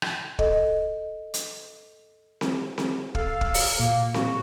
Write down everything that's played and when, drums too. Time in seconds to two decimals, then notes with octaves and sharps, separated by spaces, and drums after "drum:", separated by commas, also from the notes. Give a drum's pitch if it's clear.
0.02 drum: rim click
0.39 A4 D#5, drum: kick
1.34 drum: hi-hat
2.41 drum: snare C4
2.78 drum: snare C4
3.15 A4 F5, drum: kick
3.41 drum: kick
3.54 drum: open hi-hat
3.80 A#2 A#3
4.14 F#4, drum: snare C4